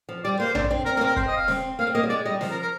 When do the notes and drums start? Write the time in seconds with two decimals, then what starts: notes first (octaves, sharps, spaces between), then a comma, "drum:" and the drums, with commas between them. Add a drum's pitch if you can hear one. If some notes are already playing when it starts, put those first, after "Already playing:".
0.09 F3
0.24 G3 D5
0.40 A#3 C5
0.55 D4, drum: tom A#1
0.71 C4
0.85 C4 A#4
0.96 A#3 A#4
1.01 C4
1.06 A#4
1.16 C4 C5, drum: kick
1.28 D#5
1.37 F5
1.48 C4, drum: snare
1.79 A#3 F5
1.87 C4
1.94 A#3 D#5
2.03 G3
2.09 G#3 D5
2.25 G3 D#5
2.41 F3, drum: snare
2.51 A#4
2.62 A#4